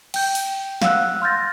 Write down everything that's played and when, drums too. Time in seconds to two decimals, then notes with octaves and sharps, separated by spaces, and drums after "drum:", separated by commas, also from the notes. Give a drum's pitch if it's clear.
0.14 G5 G6, drum: cymbal
0.35 drum: open hi-hat
0.82 F5 F#5 E6 F#6, drum: snare
1.22 C6 F6 G6 A6 A#6